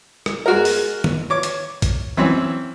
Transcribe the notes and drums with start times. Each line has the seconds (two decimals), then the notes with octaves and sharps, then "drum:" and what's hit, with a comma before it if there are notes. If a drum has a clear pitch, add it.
0.26 drum: rim click
0.46 G#3 F#4 A#4
0.65 drum: open hi-hat
1.04 drum: tom D#3
1.30 C#5 D6
1.43 drum: hi-hat
1.82 drum: kick, hi-hat
2.17 E3 F#3 C4 C#4